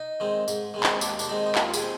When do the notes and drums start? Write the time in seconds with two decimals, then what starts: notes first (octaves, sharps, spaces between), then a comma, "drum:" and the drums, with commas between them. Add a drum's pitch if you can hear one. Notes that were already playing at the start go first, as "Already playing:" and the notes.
Already playing: D#4
0.20 D#3 G#3 C4
0.48 G#2, drum: tambourine
0.74 D#3 G#3 C4
0.83 drum: clap
1.01 D#2 D4, drum: tambourine
1.19 D4, drum: tambourine
1.29 D#3 G#3 C4 D#4
1.46 D#4
1.55 D#2 F4, drum: clap
1.73 G#4, drum: tambourine
1.82 C4